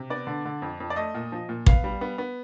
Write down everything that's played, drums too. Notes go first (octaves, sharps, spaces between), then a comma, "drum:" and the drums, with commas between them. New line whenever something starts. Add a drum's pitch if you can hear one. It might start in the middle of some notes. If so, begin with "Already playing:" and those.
Already playing: C3
B3 D5
D3
D3
F2
F2
D5
A3 D#5
A#2
F3
A#2
B3 F5, drum: kick
G3
B3
B3